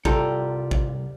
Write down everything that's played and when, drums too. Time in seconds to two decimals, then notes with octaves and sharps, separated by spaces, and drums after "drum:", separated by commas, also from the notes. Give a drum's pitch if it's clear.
0.05 C2 G3 F4 A4 A#5, drum: kick
0.71 drum: kick